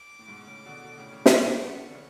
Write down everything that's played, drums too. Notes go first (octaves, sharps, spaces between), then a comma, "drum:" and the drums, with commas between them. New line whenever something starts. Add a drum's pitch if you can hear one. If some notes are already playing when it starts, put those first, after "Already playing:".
Already playing: D6
A2
G#2 B2
A2 C#3
B2 D3
B2 D3
A2 C#3
A2 C#3
B2 D3, drum: snare
G#3 B3 C#6
G#3 B3
B3 D4
D3
C#3